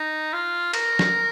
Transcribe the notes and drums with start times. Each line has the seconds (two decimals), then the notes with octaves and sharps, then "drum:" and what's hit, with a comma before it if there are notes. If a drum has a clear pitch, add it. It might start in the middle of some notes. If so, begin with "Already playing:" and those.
Already playing: D#4
0.33 F4
0.74 A#4, drum: cymbal
0.99 drum: snare